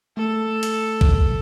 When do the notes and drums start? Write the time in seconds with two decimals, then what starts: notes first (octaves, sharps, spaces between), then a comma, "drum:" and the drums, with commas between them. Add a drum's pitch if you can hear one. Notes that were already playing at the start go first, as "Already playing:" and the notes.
0.17 A3 A4
0.63 drum: hi-hat
1.01 drum: kick B1